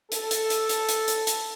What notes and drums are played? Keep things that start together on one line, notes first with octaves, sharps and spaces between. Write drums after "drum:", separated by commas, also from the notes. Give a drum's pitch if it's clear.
A4, drum: hi-hat
drum: hi-hat
drum: hi-hat
drum: hi-hat
drum: hi-hat
drum: hi-hat
drum: hi-hat